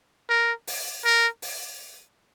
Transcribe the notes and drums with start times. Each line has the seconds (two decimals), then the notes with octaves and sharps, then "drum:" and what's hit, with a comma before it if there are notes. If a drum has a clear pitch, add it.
0.30 A#4
0.67 drum: open hi-hat
1.05 A#4
1.42 drum: open hi-hat